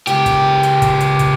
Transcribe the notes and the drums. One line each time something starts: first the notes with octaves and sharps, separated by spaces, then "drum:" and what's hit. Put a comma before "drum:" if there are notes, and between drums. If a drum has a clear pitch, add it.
C#2 G4, drum: hi-hat
drum: kick, hi-hat
drum: hi-hat
drum: kick, hi-hat
drum: hi-hat
drum: kick, hi-hat